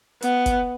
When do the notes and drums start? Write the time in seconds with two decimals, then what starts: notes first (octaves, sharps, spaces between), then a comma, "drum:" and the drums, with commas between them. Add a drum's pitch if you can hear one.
0.22 B3, drum: hi-hat
0.46 drum: kick G1, hi-hat